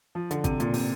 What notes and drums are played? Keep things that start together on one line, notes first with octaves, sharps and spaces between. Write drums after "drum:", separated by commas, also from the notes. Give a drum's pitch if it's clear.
F3
D3, drum: hi-hat
C3, drum: kick G#1, hi-hat
A#2, drum: hi-hat
C3, drum: open hi-hat